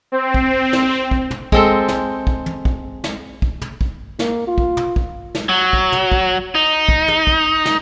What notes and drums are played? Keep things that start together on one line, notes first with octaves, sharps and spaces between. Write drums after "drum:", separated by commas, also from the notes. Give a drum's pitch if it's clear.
C4
drum: kick
drum: snare
drum: kick
drum: tom
G#3 C4 A4, drum: kick
drum: snare
drum: kick
drum: tom
drum: kick
drum: snare
drum: kick
drum: tom
drum: kick
A#3, drum: snare
F4
drum: kick
drum: tom
drum: kick
drum: snare
F#3
drum: kick
drum: tom
drum: kick
D#4
drum: kick
drum: tom
drum: kick
drum: snare